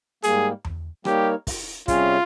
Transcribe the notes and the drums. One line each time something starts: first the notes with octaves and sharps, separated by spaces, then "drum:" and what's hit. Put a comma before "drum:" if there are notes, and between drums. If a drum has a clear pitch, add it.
G#2 G3 A#3 G#4, drum: hi-hat
drum: tom E2
G3 A#3 D#4 G4 A#4 C#5, drum: rim click
drum: kick, open hi-hat
C3 G3 C#4 F4 G#4 C#5, drum: kick, hi-hat